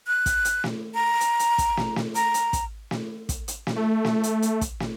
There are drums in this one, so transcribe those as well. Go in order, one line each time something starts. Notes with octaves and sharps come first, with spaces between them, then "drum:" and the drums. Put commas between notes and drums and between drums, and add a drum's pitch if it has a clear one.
F#6
drum: kick, hi-hat
drum: hi-hat
drum: snare
A#5
drum: hi-hat
drum: hi-hat
drum: kick, hi-hat
drum: snare
drum: snare
A#5, drum: hi-hat
drum: hi-hat
drum: kick, hi-hat
drum: snare
drum: kick, hi-hat
drum: hi-hat
drum: snare
A3
drum: snare
drum: hi-hat
drum: hi-hat
drum: kick, hi-hat
drum: snare